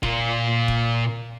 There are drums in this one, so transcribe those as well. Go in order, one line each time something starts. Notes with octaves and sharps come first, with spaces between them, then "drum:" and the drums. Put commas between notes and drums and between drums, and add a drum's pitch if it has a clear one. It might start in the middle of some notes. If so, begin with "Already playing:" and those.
A#2 F4, drum: kick
drum: kick